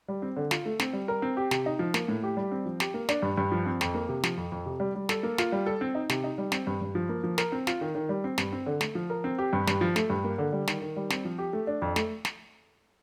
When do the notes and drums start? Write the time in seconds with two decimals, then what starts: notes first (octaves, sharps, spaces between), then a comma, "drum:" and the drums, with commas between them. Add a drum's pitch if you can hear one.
0.08 G3
0.22 C4
0.37 D3
0.51 F4, drum: snare
0.66 A3
0.79 C4, drum: snare
0.93 G3
1.08 A#4
1.22 C4
1.37 G4
1.51 C3, drum: snare
1.66 D#4
1.79 F3
1.94 A#3, drum: snare
2.08 A2
2.23 G4
2.37 G3
2.52 C4
2.66 F3
2.80 G4, drum: snare
2.94 A#3
3.09 D4, drum: snare
3.22 G2
3.37 G2
3.52 F3
3.66 C4
3.81 F2, drum: snare
3.94 A#3
4.09 C3
4.23 F3, drum: snare
4.37 F2
4.52 F2
4.66 C3
4.80 G3
4.95 G3
5.09 A4, drum: snare
5.23 A#3
5.38 F4, drum: snare
5.52 G3
5.66 A4
5.81 C4
5.95 D#4
6.09 C3, drum: snare
6.24 D#4
6.38 G3
6.52 C4, drum: snare
6.67 G2
6.81 G2
6.95 F3
7.09 A#3
7.24 F3
7.38 A#4, drum: snare
7.52 C4
7.67 F4, drum: snare
7.81 D#3
7.95 D#3
8.09 G3
8.24 C4
8.38 G2, drum: snare
8.53 C4
8.66 D3
8.81 A3, drum: snare
8.95 F3
9.10 A#4
9.24 C4
9.39 G4
9.53 G2
9.67 G2, drum: snare
9.81 F3
9.96 A3, drum: snare
10.10 G2
10.24 A#3
10.38 D3
10.53 G3
10.67 D#3, drum: snare
10.82 D#3
10.96 G3
11.10 C4, drum: snare
11.25 F3
11.38 G4
11.53 A3
11.67 D4
11.82 F2
11.96 A3, drum: snare
12.25 drum: snare